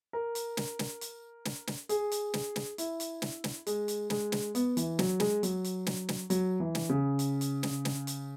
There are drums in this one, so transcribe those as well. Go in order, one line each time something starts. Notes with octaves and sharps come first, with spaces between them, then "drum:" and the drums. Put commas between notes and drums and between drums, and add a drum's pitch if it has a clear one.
A#4
drum: hi-hat
drum: snare
drum: snare
drum: hi-hat
drum: snare
drum: snare
G#4, drum: hi-hat
drum: hi-hat
drum: snare
drum: snare
E4, drum: hi-hat
drum: hi-hat
drum: snare
drum: snare
G#3, drum: hi-hat
drum: hi-hat
G#3, drum: snare
drum: snare
B3, drum: hi-hat
E3, drum: hi-hat
F#3, drum: snare
G#3, drum: snare
F#3, drum: hi-hat
drum: hi-hat
drum: snare
drum: snare
F#3, drum: hi-hat
E3
drum: snare
C#3
drum: hi-hat
drum: hi-hat
drum: snare
drum: snare
drum: hi-hat